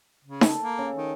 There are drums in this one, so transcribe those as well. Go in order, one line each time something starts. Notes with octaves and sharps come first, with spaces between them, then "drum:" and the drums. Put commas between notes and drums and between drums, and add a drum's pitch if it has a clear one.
C#3
A4, drum: snare D#4
A#3
C#3
D#3